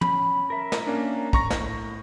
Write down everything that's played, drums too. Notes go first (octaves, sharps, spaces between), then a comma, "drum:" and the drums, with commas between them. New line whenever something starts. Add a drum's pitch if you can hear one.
C#4 B5, drum: tom
A#4 E5
drum: snare
A#3 C#4 D4
A#5 C#6 A#6, drum: kick
A2, drum: snare